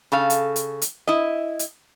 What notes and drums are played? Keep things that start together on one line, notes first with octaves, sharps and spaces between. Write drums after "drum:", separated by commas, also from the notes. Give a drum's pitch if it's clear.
C#3 A4 F5
drum: hi-hat
drum: hi-hat
drum: hi-hat
E4 D#5
drum: hi-hat